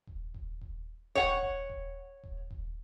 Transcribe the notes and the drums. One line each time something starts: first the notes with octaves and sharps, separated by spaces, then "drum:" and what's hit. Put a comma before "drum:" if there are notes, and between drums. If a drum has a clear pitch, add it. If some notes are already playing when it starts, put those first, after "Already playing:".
drum: kick D#1
drum: kick D#1
drum: kick D#1
C#5 F#5, drum: kick D#1
drum: kick D#1
drum: kick D#1
drum: kick D#1
drum: kick D#1